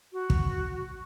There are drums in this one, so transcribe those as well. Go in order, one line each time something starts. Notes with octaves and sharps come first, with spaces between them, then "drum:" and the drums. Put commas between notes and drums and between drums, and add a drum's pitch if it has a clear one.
F#4
drum: kick